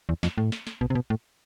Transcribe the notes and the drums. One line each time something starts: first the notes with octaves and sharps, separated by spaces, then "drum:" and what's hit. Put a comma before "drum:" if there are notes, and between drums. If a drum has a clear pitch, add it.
E2
F2, drum: snare
A2
drum: snare
drum: snare
B2, drum: kick A#1
C3
B2
A2